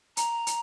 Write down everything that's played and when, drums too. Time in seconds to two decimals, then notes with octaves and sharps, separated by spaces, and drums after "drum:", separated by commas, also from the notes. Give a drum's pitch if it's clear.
0.17 A#5, drum: hi-hat
0.47 drum: hi-hat